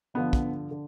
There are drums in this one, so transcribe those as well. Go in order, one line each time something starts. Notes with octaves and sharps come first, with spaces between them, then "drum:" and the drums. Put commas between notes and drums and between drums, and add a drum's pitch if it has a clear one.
G2 D3 F3 B3
drum: kick
D3